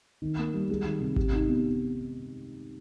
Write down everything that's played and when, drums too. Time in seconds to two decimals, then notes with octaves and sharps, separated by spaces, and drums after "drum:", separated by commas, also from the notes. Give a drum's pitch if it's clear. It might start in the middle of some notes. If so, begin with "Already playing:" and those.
0.22 D#3
0.38 A#3
0.54 G3
0.70 G#3
0.85 D#3
1.01 C3
1.16 G4, drum: kick G#1
1.32 D#4
1.48 B3